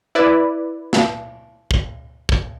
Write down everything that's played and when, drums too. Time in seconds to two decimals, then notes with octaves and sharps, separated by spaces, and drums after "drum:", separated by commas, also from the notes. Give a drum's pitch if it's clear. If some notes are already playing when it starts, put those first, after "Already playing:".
0.15 E4 B4 D5
0.93 drum: snare
1.71 drum: kick
2.29 drum: kick